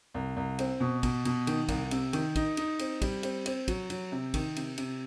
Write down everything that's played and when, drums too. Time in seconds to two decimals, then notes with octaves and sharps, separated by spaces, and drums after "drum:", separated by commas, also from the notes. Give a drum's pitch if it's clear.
0.14 C2
0.36 C2
0.59 C4, drum: cymbal
0.80 B2
1.03 B2, drum: kick, cymbal
1.25 B2, drum: cymbal
1.47 D#3, drum: cymbal
1.68 C2, drum: kick, cymbal
1.91 C3, drum: cymbal
2.13 D#3, drum: cymbal
2.36 D#4, drum: kick, cymbal
2.57 D#4, drum: cymbal
2.79 C4, drum: cymbal
3.02 G3, drum: kick, cymbal
3.23 C4, drum: cymbal
3.46 C4, drum: cymbal
3.68 F#3, drum: kick, cymbal
3.90 F#3, drum: cymbal
4.12 C3
4.34 D#3, drum: kick, cymbal
4.56 C3, drum: cymbal
4.78 C3, drum: cymbal